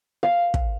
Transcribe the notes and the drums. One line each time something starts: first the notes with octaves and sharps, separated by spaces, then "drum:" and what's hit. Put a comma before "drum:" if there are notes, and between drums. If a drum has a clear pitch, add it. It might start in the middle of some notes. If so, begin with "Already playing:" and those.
F5
drum: kick